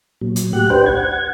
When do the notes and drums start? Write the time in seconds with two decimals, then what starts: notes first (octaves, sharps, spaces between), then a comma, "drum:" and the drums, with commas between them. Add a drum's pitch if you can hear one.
0.21 A#2 F#3
0.36 drum: hi-hat
0.53 A2 G4 F#5 F#6
0.70 D4 G4 B4 C5 G5, drum: tom
0.86 F#5 G#6